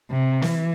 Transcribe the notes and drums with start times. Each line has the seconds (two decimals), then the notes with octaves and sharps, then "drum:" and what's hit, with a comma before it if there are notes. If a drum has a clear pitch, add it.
0.11 C3
0.42 E3, drum: snare